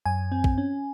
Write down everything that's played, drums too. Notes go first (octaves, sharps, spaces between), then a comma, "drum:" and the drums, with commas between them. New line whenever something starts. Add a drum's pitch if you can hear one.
F#2 G#5
C4
drum: kick A1
C#4